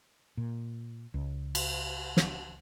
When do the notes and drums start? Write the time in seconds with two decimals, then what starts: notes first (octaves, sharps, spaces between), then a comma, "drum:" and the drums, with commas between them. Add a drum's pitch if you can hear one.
0.37 A#2
1.14 C#2
1.55 drum: cymbal
2.17 drum: snare